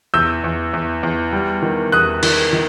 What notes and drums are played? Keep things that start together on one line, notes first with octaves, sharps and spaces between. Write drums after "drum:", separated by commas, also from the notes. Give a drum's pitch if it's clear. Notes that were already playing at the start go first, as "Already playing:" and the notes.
E2 E6 G6
E2
E2
E2
G3
D#3
E2 D#6 F#6
D#3, drum: cymbal
D#3